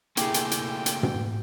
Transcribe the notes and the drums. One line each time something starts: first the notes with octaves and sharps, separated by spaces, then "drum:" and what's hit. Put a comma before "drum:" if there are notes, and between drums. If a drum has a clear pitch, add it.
A3 A#3 E4 G4 G#4 G5, drum: hi-hat
drum: hi-hat
drum: hi-hat
drum: hi-hat
drum: tom